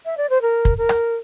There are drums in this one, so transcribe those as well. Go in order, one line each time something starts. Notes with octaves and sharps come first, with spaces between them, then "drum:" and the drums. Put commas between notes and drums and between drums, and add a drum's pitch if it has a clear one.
E5
D5
C5
A#4
drum: kick
A#4
drum: rim click